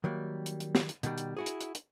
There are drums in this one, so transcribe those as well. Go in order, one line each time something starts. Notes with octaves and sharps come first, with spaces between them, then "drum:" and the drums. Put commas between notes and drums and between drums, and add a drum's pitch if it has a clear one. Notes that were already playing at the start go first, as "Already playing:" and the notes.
D#3 F#3 G3 A#3
drum: hi-hat
drum: hi-hat
drum: snare
drum: hi-hat
B2 D#3 G3, drum: hi-hat
drum: hi-hat
E4 F#4 G#4
drum: hi-hat
drum: hi-hat
drum: hi-hat